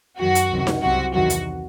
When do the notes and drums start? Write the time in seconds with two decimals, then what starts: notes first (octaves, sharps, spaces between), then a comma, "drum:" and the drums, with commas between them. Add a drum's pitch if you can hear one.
0.19 F#2 D#3 F#3 F#4
0.35 drum: hi-hat
0.51 C#2 C3 D#3 F#3
0.67 drum: snare D#4
0.82 C2 C3 F#3 F#4
1.14 E2 C3 D#3 F#3 F#4
1.30 drum: hi-hat